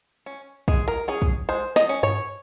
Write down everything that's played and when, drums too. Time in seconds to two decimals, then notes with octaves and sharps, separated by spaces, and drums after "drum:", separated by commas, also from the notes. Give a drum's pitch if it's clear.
0.26 C#4
0.68 G#3 G#4, drum: kick
0.88 A#4
1.08 C#4 G#4
1.22 drum: kick
1.49 G#3 C5
1.76 D#5, drum: snare
1.89 C#4
2.03 C#5, drum: tom G2